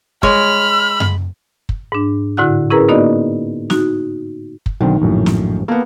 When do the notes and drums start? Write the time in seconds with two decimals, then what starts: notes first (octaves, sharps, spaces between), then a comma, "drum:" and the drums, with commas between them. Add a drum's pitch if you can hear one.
0.23 G#3 C#5 B5 F6, drum: kick
1.00 drum: tom F#2
1.69 drum: kick
1.92 G#2 D4
2.37 A2 D3 E4 F#4 F#5 F#6
2.70 C#4 E4 G#4 A#4 B4 A#5
2.89 A#3 B3 D#4 F#4 D5 D#5
3.70 D#4 F#4, drum: snare
4.66 drum: kick
4.81 B1 D3 D#3 C4
5.02 A#1 F#2 A2
5.26 drum: snare
5.68 A#3 B3 A4